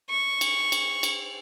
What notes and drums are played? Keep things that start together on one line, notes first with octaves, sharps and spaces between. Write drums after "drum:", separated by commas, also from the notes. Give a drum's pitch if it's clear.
C#6
drum: cymbal
drum: cymbal
drum: cymbal